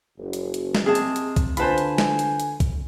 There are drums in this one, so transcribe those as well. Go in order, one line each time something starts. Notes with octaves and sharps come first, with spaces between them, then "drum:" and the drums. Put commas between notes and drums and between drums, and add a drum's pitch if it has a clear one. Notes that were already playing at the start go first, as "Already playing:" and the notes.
F#1
drum: hi-hat
drum: hi-hat
drum: snare
C3 G#4 D#5 A5
drum: hi-hat
drum: hi-hat
drum: kick, hi-hat
D3 F4 B4 C5 G#5 A5 B5, drum: hi-hat
drum: hi-hat
drum: snare
drum: hi-hat
drum: hi-hat
drum: kick, hi-hat